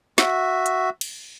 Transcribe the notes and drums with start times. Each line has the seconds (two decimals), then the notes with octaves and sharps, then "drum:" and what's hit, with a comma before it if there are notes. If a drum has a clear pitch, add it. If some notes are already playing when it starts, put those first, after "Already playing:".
0.18 F#4 E5, drum: snare
0.66 drum: hi-hat
1.01 drum: cymbal